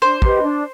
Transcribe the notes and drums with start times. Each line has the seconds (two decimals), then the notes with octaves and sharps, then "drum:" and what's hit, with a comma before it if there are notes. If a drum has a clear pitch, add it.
0.02 D4 C5
0.22 G4 B4 D#5, drum: kick
0.42 D4